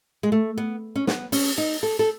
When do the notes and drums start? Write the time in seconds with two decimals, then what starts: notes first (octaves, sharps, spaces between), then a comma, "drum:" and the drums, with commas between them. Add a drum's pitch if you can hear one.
0.23 G#3
0.32 A3
0.58 B3
0.96 C#4
1.07 B3, drum: snare
1.32 C#4, drum: open hi-hat
1.58 D#4
1.83 A4
1.99 A4